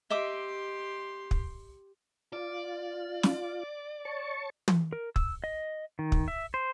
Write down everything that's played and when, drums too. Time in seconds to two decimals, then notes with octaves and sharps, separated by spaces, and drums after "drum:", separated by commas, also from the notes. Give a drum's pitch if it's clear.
0.10 G4 D#5 E5 C6 D6
1.31 drum: kick
2.33 F4 D5
3.23 drum: snare
4.05 C#5 A5 C#6
4.68 drum: tom
4.93 A#4
5.16 E6, drum: kick
5.44 D#5
5.99 D#3
6.12 drum: kick
6.28 E5
6.54 C5